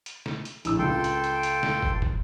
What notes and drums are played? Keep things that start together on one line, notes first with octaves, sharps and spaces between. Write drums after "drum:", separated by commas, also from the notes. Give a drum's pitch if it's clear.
drum: hi-hat
drum: snare
drum: hi-hat
A#1 A2 E6, drum: hi-hat
C#2 F4 A4 G5 C6
drum: hi-hat
drum: hi-hat
drum: hi-hat
drum: snare
drum: kick
drum: kick